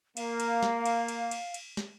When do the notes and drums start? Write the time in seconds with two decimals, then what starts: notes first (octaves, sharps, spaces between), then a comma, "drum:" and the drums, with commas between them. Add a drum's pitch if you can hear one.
0.17 A#3 F5, drum: cymbal
0.40 drum: cymbal
0.63 drum: snare
0.86 drum: cymbal
1.08 drum: cymbal
1.31 drum: cymbal
1.54 drum: cymbal
1.77 drum: snare